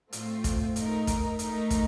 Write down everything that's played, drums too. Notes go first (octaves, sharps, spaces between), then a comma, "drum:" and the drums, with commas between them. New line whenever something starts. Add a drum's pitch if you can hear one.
A2 A3 C4 F4, drum: hi-hat
drum: kick, hi-hat
A3 D#4 A#4, drum: hi-hat
drum: kick, hi-hat
A3 D#4 A#4, drum: hi-hat
drum: kick, hi-hat